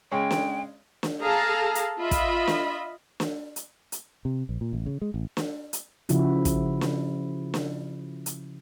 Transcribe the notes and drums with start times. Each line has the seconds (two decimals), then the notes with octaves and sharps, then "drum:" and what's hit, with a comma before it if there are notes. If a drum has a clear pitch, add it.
0.12 C#3 G#3 C#5 G5
0.31 drum: snare
1.03 drum: snare
1.22 G#4 A4 F5 A5 A#5
1.75 drum: hi-hat
2.00 F4 D#5 E5 B5
2.11 drum: kick, hi-hat
2.47 drum: snare
3.20 drum: snare
3.56 drum: hi-hat
3.92 drum: hi-hat
4.25 C3
4.49 A#1
4.61 A#2
4.73 A1
4.86 C#3
5.02 G#3
5.14 A1
5.37 drum: snare
5.73 drum: hi-hat
6.09 C#3 F3 E4 F#4, drum: hi-hat
6.45 drum: kick, hi-hat
6.81 drum: snare
7.54 drum: snare
8.26 drum: hi-hat